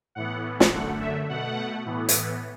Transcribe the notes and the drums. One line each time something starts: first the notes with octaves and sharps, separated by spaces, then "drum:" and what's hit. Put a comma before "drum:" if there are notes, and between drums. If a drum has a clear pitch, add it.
A2 E3 B3 F#5
drum: snare
F#2 D3 A3 F#5
E5
B2 A3 F#5
A2 E3 B3
drum: hi-hat